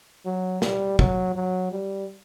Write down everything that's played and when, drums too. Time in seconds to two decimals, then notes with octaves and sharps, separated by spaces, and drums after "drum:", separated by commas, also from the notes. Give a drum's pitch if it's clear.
0.26 F#3
0.62 G3, drum: snare
0.99 F#3, drum: kick
1.35 F#3
1.72 G3